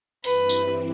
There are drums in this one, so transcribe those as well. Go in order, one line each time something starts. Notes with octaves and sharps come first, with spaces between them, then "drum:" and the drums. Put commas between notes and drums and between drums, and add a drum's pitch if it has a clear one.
G2 E3 G3 C4 E4 B4, drum: open hi-hat
drum: tambourine